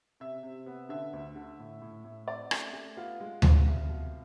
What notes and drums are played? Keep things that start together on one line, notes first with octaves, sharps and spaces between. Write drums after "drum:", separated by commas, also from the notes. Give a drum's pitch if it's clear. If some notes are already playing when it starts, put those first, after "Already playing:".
C3 E5
C3
B3
D3 E5
D2
D3
A2
A2
A2
C4 D5
A3, drum: rim click
A3
B3 F4
G#3
E2, drum: tom D2
C2
B2